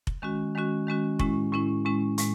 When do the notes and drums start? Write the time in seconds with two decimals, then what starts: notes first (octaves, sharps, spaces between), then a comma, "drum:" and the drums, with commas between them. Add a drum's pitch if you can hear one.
0.07 drum: kick F1
0.22 D#3 G#3 C#4 F#4
0.55 D#3 G#3 C#4 F#4
0.87 D#3 G#3 C#4 F#4
1.19 A2 G#3 C#4 E4, drum: kick F1
1.52 A2 G#3 C#4 E4
1.85 A2 G#3 C#4 E4
2.18 A2 G#3, drum: hi-hat